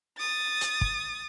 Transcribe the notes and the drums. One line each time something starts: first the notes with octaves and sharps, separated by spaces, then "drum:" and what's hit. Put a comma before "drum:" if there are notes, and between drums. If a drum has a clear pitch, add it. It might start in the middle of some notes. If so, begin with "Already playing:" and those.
D#6 A6
drum: hi-hat
drum: kick